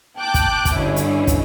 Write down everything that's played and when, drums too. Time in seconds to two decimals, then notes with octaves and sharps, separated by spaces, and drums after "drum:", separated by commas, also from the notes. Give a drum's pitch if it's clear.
0.19 G5 A5 D6 F#6
0.34 drum: kick, hi-hat
0.65 drum: kick, hi-hat
0.75 G2 B2 D3 C#4 E4
0.96 drum: hi-hat
1.27 drum: kick, hi-hat